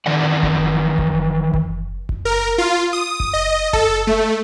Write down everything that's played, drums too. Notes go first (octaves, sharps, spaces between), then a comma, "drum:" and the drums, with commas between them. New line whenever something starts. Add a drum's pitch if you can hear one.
D#3 E3 D5 F#5
drum: kick F#1
drum: kick F#1
drum: kick F#1
drum: kick F#1
A#4
F4
D#6
drum: kick F#1
D#5
A4, drum: kick F#1
A3